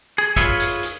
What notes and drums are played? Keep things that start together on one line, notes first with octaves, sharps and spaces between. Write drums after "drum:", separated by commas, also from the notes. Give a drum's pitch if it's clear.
G#4
F4 G#4 B4 C#5 E5, drum: kick, hi-hat
drum: hi-hat
drum: hi-hat